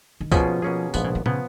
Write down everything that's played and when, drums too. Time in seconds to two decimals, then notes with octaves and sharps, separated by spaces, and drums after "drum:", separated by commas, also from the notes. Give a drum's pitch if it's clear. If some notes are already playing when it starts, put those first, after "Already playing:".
0.21 D#3
0.32 B2 F3 A#3 C#4 G#4, drum: kick C2, tambourine
0.62 B2 A#3 C#4 G#4
0.94 A#1 G#2 D#3 F3 B3, drum: tambourine
1.04 C#3
1.15 D#3
1.26 C#3 F3 B3, drum: tom